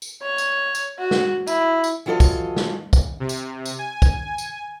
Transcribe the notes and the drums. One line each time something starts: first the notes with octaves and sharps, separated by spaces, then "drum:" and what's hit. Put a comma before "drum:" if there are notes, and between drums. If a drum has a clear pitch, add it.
drum: tambourine
C#5
drum: tambourine
drum: tambourine
F#4
drum: snare
E4, drum: tambourine
drum: tambourine
E3 F#3 F4 A4 D#5
drum: kick B1, tambourine
drum: snare
drum: kick B1, tambourine
C3
drum: tambourine
drum: tambourine
G#5
drum: kick B1, tambourine
drum: tambourine